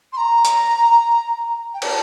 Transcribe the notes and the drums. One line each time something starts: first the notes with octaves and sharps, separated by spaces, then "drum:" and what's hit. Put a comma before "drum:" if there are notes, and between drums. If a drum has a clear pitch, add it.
C6
A#5
drum: hi-hat
G5
A5, drum: cymbal